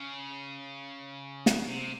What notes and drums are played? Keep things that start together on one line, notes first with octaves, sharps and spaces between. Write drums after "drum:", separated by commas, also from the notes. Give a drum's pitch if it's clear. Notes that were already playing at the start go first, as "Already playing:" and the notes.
Already playing: C#3
drum: snare
C3